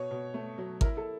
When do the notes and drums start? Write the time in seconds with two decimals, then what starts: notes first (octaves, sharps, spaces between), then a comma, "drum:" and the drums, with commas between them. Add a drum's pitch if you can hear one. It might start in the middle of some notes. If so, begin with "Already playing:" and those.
Already playing: B2 C#5
0.11 B2
0.34 A3
0.58 F#3
0.81 E4 A#4, drum: kick G#1
0.97 A4